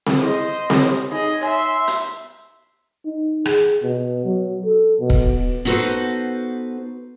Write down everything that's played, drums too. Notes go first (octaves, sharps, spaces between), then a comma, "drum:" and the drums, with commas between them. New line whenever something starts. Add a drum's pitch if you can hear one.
drum: snare C4
E4 G#4 C5 D#5
G4 C#5, drum: snare C4
D#4 G#4 D#5
C#5 E5 G#5 C6
drum: hi-hat
D#4
G#4, drum: rim click
B2
F#3
A4
B2
drum: kick E1
B3 D#4 F#4 A4 B4 C5